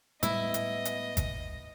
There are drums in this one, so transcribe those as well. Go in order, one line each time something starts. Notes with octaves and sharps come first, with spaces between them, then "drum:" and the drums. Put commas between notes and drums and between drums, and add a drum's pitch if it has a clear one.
A2 G3 G#3 B3 E4 D#5, drum: hi-hat
drum: hi-hat
drum: hi-hat
drum: kick G1, hi-hat